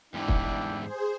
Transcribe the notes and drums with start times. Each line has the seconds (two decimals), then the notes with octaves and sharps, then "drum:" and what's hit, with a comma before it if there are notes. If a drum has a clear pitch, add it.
0.14 E2 G#2 G3 D4 E4 G5
0.28 drum: kick
0.79 G#4 C5